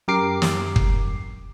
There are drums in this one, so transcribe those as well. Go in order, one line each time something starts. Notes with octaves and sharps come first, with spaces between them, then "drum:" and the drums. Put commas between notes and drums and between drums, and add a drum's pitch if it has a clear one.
F#2 G4 A#4 D6 C7
drum: snare
drum: kick